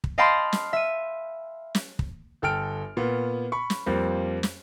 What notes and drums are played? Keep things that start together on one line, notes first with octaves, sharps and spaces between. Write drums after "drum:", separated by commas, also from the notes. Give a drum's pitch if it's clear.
drum: kick
D#5 F5 G5 A5 B5 C6
drum: snare
E5 D#7
drum: snare
drum: kick
G1 A4 G5 F6 D7
A#2 B3
B5 C#6
drum: snare
F2 G3 A#3 C4
drum: snare